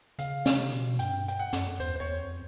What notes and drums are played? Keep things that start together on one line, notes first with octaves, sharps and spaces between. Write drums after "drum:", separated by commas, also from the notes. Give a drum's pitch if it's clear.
C#3 F5, drum: hi-hat
C3, drum: snare
B2, drum: hi-hat
G2 G5, drum: hi-hat
G5, drum: hi-hat
F#5
F#2, drum: snare
E2 C5, drum: hi-hat
C5
E2 C#5
F2